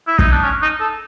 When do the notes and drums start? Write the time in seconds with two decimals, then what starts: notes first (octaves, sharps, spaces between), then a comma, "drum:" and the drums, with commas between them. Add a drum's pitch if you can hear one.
0.07 E4
0.19 D#4, drum: kick
0.32 D4
0.44 C#4
0.62 D#4
0.80 A4